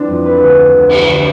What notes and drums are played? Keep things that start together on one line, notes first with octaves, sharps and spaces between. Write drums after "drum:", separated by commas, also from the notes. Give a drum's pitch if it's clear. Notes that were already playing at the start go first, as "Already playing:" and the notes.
Already playing: E3 C4 D4
F2
B4
D2
D2
drum: cymbal
D3